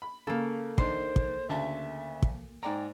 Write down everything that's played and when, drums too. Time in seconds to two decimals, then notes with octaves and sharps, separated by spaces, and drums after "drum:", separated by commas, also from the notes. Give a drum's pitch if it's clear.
0.02 B5
0.27 C#3 A#3 A4
0.78 D#3 D4 C5 C6, drum: kick
1.16 drum: kick
1.49 D2 C#3 E5 A5
2.22 drum: kick
2.63 G#2 D5 G5 A#5